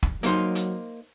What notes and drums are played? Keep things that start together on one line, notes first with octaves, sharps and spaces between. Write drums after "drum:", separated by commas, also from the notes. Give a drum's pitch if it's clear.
drum: kick
F#3 A#3 D#4 C5, drum: hi-hat
drum: hi-hat